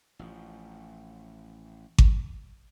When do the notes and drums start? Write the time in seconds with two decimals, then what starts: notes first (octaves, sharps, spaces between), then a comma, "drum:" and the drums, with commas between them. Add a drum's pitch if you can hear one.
0.19 A1 F3
1.98 drum: kick G#1